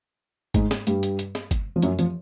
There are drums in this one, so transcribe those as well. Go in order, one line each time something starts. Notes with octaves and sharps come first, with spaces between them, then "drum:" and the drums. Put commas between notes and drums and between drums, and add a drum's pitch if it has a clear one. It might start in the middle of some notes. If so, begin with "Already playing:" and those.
G#2 G#3, drum: kick G1, hi-hat
drum: snare
G2 G3, drum: hi-hat
drum: hi-hat
drum: hi-hat
drum: snare
drum: kick G1, hi-hat
F3
F#2 F#3, drum: hi-hat
F3, drum: hi-hat